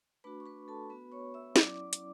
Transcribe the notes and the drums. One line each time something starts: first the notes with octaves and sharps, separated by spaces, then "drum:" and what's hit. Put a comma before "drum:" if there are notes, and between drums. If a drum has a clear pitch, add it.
A3 D4 F#4 B4 B5
C#6
B4 B5
A4 A5
B3 F#4 B4 B5
C#5 C#6
E5 E6
F#3 C#4 E4 D5 D6, drum: snare
D5 D6
drum: hi-hat